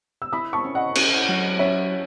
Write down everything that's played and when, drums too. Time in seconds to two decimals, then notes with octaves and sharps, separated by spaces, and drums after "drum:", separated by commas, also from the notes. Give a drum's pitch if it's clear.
0.22 E6
0.33 E4 B5 D#6
0.53 A5 C#6
0.64 C#4
0.75 D#5 F#5
0.95 C#4, drum: cymbal
1.28 F#3
1.59 C#4 C#5 E5